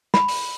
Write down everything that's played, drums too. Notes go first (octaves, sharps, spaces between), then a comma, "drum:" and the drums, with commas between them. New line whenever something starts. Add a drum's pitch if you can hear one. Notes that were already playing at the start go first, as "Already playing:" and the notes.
B5, drum: snare
drum: open hi-hat